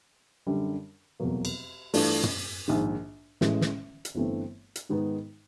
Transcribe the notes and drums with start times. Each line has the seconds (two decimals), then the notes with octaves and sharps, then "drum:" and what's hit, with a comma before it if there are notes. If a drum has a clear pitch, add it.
0.47 F#2 D3 G3
1.20 F1 E2 B2 F#3 A#3
1.45 drum: cymbal
1.94 G2 E3 A3 D4 F4, drum: open hi-hat
2.23 drum: tom
2.68 A#1 G#2 D#3
3.41 A1 A2 E3 G#3, drum: snare
3.61 drum: snare
4.05 drum: hi-hat
4.15 G1 G2 E3 A3 C4
4.76 drum: hi-hat
4.89 G#2 D#3 G#3 B3 D#4